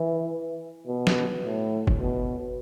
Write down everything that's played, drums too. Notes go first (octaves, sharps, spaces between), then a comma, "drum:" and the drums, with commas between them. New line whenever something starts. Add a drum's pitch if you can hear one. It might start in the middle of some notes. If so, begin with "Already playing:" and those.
Already playing: E3
B2
drum: snare
A2
drum: kick F#1
B2